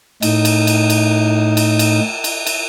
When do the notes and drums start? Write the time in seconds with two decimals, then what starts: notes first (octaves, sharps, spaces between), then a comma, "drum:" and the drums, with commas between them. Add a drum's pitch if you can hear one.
0.22 A2 D#4, drum: cymbal
0.45 drum: cymbal
0.67 drum: cymbal
0.90 drum: cymbal
1.57 drum: cymbal
1.79 drum: cymbal
2.24 drum: cymbal
2.47 drum: cymbal